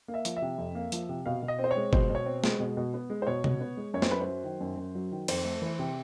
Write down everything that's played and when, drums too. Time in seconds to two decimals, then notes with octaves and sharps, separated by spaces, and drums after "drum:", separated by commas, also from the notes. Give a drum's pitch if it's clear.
0.08 A#3
0.14 E5
0.25 F3, drum: hi-hat
0.37 E5
0.42 C3
0.58 F2
0.75 A#3
0.92 F3, drum: hi-hat
1.09 C3
1.26 B2 F5
1.43 B2
1.48 D#5
1.59 C4
1.64 C5
1.71 C#5
1.77 G#3
1.93 B2 C5, drum: kick
2.09 B2
2.15 C#5
2.26 C4
2.44 G#3, drum: snare
2.60 B2
2.77 B2
2.94 B3
3.10 G#3
3.22 C5
3.27 B2 C#5
3.44 B2, drum: tom C3
3.61 B3
3.77 G#3
3.94 F#2 C#5
4.02 C5, drum: snare
4.10 F#2 B4
4.21 C5
4.27 F#3
4.44 D#3
4.61 F#2
4.77 F#2
4.95 F#3
5.12 D#3
5.28 F2 C5, drum: cymbal
5.45 A3
5.62 E3
5.79 C3